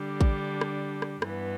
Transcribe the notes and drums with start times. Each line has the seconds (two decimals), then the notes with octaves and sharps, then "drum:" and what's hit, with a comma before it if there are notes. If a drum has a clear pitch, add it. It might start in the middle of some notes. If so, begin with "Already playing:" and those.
Already playing: D3 G3 D4
0.21 drum: kick A1
0.61 drum: rim click
1.02 drum: rim click
1.22 G2 E3 B3, drum: rim click